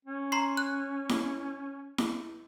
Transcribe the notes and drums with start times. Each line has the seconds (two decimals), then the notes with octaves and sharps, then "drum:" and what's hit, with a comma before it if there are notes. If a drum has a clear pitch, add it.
0.05 C#4
0.32 A#5 C6 C7
0.57 F#6
1.09 drum: snare E4
1.98 drum: snare E4